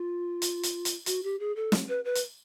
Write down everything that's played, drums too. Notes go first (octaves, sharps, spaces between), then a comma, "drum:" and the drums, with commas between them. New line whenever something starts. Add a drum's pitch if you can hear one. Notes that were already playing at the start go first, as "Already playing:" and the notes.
Already playing: F4
drum: hi-hat
drum: hi-hat
drum: hi-hat
F#4, drum: hi-hat
G4
G#4
A4
drum: snare
B4
B4
drum: hi-hat